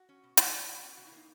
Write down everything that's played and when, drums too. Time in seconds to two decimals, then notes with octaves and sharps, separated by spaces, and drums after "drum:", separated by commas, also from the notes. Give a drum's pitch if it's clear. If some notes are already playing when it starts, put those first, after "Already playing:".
Already playing: F#4
0.09 C#4
0.23 B2
0.37 B2, drum: hi-hat
0.52 B2
0.67 B2
0.83 C#4
0.97 B2 F#4
1.07 E4
1.12 A#3 D#4